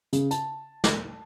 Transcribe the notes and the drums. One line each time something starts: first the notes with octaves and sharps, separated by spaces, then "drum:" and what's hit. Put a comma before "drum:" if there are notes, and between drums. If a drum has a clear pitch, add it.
C#3, drum: hi-hat
A5, drum: hi-hat
drum: snare